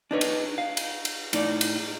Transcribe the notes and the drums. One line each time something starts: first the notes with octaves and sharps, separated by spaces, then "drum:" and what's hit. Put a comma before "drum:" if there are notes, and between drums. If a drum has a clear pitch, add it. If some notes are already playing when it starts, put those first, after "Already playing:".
D4 D#4 B4 C#5
drum: cymbal
F5
drum: cymbal
drum: cymbal
A2 D#4 D5, drum: cymbal
drum: cymbal